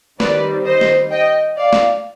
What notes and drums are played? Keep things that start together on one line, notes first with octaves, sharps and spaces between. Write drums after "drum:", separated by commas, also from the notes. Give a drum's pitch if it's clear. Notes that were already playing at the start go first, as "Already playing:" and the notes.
D#3 G3 C4 B4 D5, drum: snare
C5 D#5
drum: snare
D#5 G5
D5 F5
drum: snare